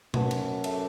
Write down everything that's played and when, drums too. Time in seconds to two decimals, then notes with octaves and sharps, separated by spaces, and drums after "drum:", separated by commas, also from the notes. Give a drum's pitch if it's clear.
0.14 F#2 F#4 B4 F#5 A5, drum: tom B2
0.31 drum: cymbal
0.64 C#4 A4 E5 A5, drum: cymbal